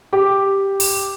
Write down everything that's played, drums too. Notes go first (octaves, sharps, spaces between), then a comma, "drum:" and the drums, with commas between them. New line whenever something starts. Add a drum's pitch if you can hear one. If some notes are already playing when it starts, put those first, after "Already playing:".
G4
drum: open hi-hat